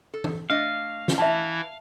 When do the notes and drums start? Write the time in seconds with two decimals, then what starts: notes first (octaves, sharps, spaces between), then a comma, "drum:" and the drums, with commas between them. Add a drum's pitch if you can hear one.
0.14 A4
0.24 drum: tom E3
0.50 A3 D4 D#5 F5
1.08 drum: snare
1.18 E3 E4 E5 A5